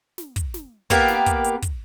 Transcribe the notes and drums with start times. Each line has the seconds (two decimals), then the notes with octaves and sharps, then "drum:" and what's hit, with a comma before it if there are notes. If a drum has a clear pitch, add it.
0.18 drum: snare
0.36 drum: kick, hi-hat
0.54 drum: snare
0.90 A#3 B3 G4 A#4, drum: kick, hi-hat
1.08 drum: snare
1.26 drum: kick, hi-hat
1.44 drum: hi-hat
1.62 drum: kick, hi-hat